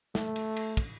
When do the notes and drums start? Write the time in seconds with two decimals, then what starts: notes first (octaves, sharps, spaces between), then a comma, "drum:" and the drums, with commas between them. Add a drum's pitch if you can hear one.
0.15 A3, drum: snare
0.36 drum: cymbal
0.56 drum: cymbal
0.77 drum: kick, cymbal